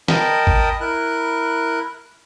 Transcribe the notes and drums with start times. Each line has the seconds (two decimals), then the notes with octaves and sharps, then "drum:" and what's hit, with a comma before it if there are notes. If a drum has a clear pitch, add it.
0.08 A#4 D#5 G5 A5 B5, drum: snare
0.47 drum: kick G#1
0.81 E4 A#4 F#6